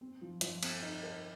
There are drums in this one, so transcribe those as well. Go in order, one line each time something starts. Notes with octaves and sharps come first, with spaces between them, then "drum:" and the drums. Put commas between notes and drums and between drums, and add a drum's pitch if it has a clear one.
C4
F3
F3, drum: hi-hat
C4, drum: cymbal
D#4
A#4